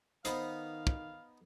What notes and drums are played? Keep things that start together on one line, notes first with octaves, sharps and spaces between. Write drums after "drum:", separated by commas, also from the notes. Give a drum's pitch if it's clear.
D#3 B3 D#4 C5 F5, drum: hi-hat
drum: kick